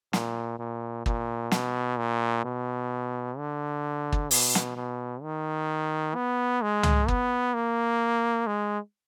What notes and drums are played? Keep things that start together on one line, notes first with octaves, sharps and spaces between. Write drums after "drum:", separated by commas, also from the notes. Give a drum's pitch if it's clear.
A#2, drum: snare
A#2
A#2, drum: kick
B2, drum: snare
A#2
B2
D3
drum: kick
B2, drum: open hi-hat
drum: snare
B2
D#3
B3
G#3
drum: tom
B3, drum: kick
A#3
G#3